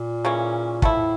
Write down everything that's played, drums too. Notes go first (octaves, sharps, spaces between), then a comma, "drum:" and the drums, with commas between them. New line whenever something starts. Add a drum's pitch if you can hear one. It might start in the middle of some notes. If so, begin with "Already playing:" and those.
Already playing: A#2
C#3 E3 A#3 C#4
A2 F3 A3 E4, drum: kick